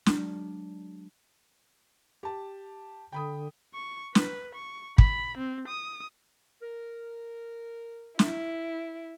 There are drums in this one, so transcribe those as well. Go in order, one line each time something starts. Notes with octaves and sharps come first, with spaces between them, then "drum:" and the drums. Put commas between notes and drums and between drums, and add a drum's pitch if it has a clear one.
F#3 G#3 D4, drum: snare
G4 A5
D3 G5 B5 D#6
C#6
B4, drum: snare
C#6
B5, drum: kick
C4
D#6
A#4
E4, drum: snare